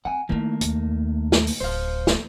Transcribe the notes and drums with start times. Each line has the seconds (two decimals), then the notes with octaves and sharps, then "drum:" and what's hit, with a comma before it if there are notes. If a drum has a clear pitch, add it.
0.05 C4 F#5 G#5
0.29 D#3 A3 A#3 D#4 E4
0.61 D#2, drum: hi-hat
1.32 drum: snare
1.47 drum: open hi-hat
1.60 D1 C5 F5
2.07 drum: snare